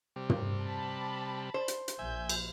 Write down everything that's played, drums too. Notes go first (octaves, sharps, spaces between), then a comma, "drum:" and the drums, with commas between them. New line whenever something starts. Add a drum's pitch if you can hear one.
C3 G3
drum: tom
A5 B5
C5
drum: hi-hat
drum: hi-hat
A#1 E5 G#5 G6
drum: cymbal